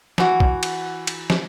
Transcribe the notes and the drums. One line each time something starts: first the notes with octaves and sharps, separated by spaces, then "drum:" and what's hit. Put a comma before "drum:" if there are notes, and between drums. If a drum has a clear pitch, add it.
E3 F#4, drum: snare
drum: kick
drum: cymbal
drum: cymbal
drum: snare